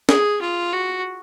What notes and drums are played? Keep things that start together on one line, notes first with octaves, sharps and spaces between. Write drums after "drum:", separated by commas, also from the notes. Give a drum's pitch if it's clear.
G#4, drum: snare
F4
F#4